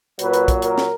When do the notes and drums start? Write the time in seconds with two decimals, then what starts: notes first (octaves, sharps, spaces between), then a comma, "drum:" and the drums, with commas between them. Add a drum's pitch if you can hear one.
0.19 A#2 F#3 B4, drum: hi-hat
0.33 drum: hi-hat
0.48 drum: kick, hi-hat
0.62 A#4, drum: hi-hat
0.78 drum: snare